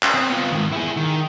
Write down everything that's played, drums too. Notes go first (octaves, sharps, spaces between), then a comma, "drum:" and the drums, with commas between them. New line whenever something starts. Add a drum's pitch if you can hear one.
drum: clap
C4
B3 F4
G#2 D#3
E4 G#4
D#3